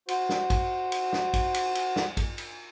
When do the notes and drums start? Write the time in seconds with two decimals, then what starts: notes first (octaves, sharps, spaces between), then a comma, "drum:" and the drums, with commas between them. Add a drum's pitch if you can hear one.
0.08 F#4 C5, drum: cymbal
0.29 drum: snare
0.50 drum: kick, cymbal
0.92 drum: cymbal
1.13 drum: snare
1.34 drum: kick, cymbal
1.54 drum: cymbal
1.75 drum: cymbal
1.96 drum: snare
2.17 drum: kick, cymbal
2.38 drum: cymbal